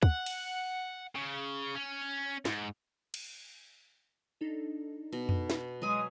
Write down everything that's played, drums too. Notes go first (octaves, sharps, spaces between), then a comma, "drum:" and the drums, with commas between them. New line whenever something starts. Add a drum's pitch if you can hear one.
F#5, drum: kick
drum: cymbal
C#3
C#4
G#2, drum: snare
drum: cymbal
D4 D#4 A4
B2
drum: tom F2
drum: snare
F#3 G#3 G#5 D#6